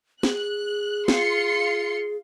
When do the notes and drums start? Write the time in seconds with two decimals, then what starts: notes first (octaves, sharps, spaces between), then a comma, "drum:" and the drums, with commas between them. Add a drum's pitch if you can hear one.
0.23 G#4 F#6, drum: snare
1.08 F4 C6 C#7, drum: snare